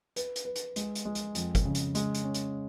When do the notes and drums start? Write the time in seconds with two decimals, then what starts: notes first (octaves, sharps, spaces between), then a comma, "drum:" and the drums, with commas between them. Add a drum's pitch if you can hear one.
0.16 B4, drum: hi-hat
0.36 drum: hi-hat
0.45 B4
0.56 drum: hi-hat
0.76 G#3, drum: hi-hat
0.95 drum: hi-hat
1.05 G#3
1.15 drum: hi-hat
1.35 F2, drum: hi-hat
1.55 drum: kick, hi-hat
1.65 C#3
1.75 drum: hi-hat
1.95 G#3, drum: hi-hat
2.14 drum: hi-hat
2.24 C#4
2.34 drum: hi-hat